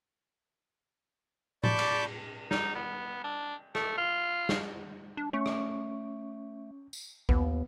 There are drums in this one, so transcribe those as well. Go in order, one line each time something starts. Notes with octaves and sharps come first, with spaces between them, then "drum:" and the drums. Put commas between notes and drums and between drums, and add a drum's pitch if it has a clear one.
D5 A5 B5 C#6 D6 G6, drum: tom A2
drum: cymbal
D#4, drum: snare
B3
D4
A3, drum: rim click
F4
drum: snare
D4
A3 C#4 C#6
drum: rim click
drum: tambourine
D#2 B3, drum: kick A#1